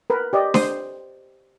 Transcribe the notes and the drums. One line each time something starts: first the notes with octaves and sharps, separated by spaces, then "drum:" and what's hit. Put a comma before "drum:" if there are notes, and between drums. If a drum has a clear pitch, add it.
A#4 B4
G4 D5 D#5
C5 C6 D#6, drum: snare D4